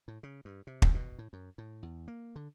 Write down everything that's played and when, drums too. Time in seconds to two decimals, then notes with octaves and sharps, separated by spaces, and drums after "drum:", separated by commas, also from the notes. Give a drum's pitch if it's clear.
0.08 A2
0.23 C#3
0.45 G2
0.67 C3
0.82 drum: kick
0.94 B2
1.19 A2
1.33 F#2
1.58 A2
1.83 E2
2.08 A#3
2.36 D3